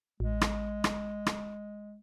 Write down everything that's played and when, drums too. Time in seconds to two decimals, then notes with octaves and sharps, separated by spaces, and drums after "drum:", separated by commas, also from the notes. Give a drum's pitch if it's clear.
0.20 A1 G#3
0.41 drum: rim click
0.84 drum: rim click
1.26 drum: rim click